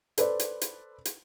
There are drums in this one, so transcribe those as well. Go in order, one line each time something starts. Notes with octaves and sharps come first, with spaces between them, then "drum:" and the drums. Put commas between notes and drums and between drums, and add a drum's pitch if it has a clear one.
A4 B4 C5 D5, drum: hi-hat
drum: hi-hat
drum: hi-hat
drum: hi-hat